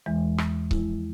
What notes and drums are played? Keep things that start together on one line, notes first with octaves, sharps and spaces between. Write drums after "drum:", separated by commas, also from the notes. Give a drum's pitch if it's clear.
E2 E3 G#3
drum: rim click
F3 G#3 E4, drum: kick C#1